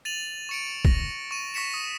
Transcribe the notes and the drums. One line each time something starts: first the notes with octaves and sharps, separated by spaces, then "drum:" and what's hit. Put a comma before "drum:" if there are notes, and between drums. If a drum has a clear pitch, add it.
A6 D#7 F7 F#7
C#6 C#7 D7
A#6, drum: kick
C#6 D#7
C#6 A#6 B6 C#7 E7
D#6